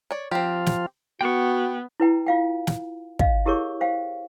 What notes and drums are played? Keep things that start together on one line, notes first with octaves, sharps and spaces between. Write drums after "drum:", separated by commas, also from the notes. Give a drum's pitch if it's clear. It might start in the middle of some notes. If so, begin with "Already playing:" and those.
C#5 D5
F3 C4 F4 G4
drum: snare
B3 F#4 G5 C#6
E4 B4 G5 A#5
F4 F5 G5
drum: snare
D#5 F5, drum: kick
E4 G4 G#4 A#4 C#5 C#6
C5 F5 G5